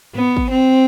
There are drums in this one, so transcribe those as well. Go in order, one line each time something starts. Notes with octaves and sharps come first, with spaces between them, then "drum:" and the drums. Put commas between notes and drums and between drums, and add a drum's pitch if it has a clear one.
B3, drum: tom G#2
drum: kick
C4